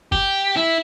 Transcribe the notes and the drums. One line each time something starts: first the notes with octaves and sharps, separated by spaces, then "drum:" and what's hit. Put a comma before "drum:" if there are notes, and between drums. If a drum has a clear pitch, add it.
G4, drum: kick F#1
E4